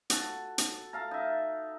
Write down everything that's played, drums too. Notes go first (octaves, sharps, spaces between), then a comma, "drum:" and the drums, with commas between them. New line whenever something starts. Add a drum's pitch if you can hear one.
F#4 A4, drum: hi-hat
drum: hi-hat
A4 F5 A#5
D#4 E5